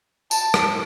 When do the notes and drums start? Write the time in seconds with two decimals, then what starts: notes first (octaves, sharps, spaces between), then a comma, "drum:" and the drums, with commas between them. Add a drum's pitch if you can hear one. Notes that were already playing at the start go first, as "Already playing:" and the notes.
0.31 A5, drum: tambourine
0.54 drum: rim click